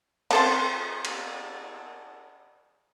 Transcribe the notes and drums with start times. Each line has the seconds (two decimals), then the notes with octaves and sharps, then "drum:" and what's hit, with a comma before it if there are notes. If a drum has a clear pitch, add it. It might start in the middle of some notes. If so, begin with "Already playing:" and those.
0.31 C4 A4 C5, drum: cymbal
1.05 drum: cymbal